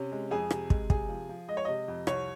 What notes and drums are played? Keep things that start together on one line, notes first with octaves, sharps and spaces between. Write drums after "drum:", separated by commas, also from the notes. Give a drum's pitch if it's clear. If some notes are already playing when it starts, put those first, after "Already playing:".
Already playing: C3 C#4
G#3
F2 G#4
C3, drum: rim click
G#3, drum: kick
C3 G#4, drum: kick
F3
F3
G#3 D#5
C#5
C3 D#5
F2
C2 C#5, drum: rim click